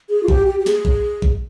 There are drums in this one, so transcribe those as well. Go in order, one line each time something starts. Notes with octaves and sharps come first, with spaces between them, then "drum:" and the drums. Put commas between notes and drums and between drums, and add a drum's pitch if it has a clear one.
G#4
F4
G4, drum: kick A#1
G4
G4
G#4, drum: snare
drum: kick A#1
drum: kick A#1